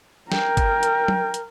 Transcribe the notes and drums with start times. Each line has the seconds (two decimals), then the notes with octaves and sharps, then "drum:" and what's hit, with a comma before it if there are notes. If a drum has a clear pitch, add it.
0.32 A#4 G5, drum: snare
0.57 drum: kick G#1, hi-hat
0.83 drum: hi-hat
1.08 drum: tom F#3
1.34 drum: hi-hat